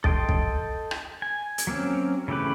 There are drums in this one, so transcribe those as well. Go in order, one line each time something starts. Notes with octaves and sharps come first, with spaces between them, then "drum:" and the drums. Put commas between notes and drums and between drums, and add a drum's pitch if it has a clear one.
A4 D#5 G5 C6, drum: kick
drum: kick
drum: rim click
G#5
drum: hi-hat
F#3 A#3 C4 C#4
C#3 E3 A3 G4 B4